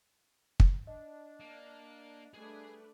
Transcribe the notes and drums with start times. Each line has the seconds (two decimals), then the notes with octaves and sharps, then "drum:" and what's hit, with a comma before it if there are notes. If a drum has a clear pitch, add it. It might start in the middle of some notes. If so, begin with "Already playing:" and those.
0.60 drum: kick
0.87 D4 D#5
1.40 A#3
2.34 G3 A3 D4 G#4 B4 G#5